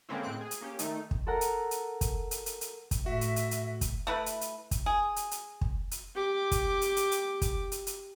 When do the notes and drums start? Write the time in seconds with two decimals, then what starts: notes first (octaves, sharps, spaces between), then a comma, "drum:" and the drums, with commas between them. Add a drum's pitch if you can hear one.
0.09 D3 G#3 A#3 C4 C#4 E4
0.23 A2 G#3 C4 F#6 D7
0.41 G#4
0.51 drum: hi-hat
0.61 A#3 C#4 G4
0.79 D#3 A3 D#4, drum: hi-hat
1.11 drum: kick
1.26 A4 A#4 F#5 A#5
1.41 drum: hi-hat
1.71 drum: hi-hat
2.01 drum: kick, hi-hat
2.31 drum: hi-hat
2.46 drum: hi-hat
2.61 drum: hi-hat
2.91 drum: kick, hi-hat
3.06 A2 F#4 E5
3.21 drum: hi-hat
3.36 drum: hi-hat
3.51 drum: hi-hat
3.81 drum: kick, hi-hat
4.07 A3 E4 B4
4.26 drum: hi-hat
4.41 drum: hi-hat
4.71 drum: kick, hi-hat
4.86 G#4
5.16 drum: hi-hat
5.31 drum: hi-hat
5.61 drum: kick
5.91 drum: hi-hat
6.15 G4 D6
6.51 drum: kick, hi-hat
6.82 drum: hi-hat
6.97 drum: hi-hat
7.12 drum: hi-hat
7.42 drum: kick, hi-hat
7.72 drum: hi-hat
7.87 drum: hi-hat